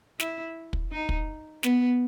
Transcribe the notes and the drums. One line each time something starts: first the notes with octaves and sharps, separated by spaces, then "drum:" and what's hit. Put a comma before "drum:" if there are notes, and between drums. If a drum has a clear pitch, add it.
E4, drum: snare
drum: kick
D#4
drum: kick
B3, drum: snare